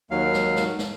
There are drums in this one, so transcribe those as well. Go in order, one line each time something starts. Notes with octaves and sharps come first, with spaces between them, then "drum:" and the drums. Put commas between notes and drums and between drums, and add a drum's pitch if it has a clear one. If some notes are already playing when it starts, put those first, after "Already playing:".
D#2 F#3 F5
drum: snare
drum: snare
drum: snare